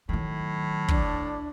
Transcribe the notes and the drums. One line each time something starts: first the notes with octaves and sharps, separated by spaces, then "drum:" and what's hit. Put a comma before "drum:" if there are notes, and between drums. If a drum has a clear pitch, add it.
A2 D#3 F#3
D4, drum: kick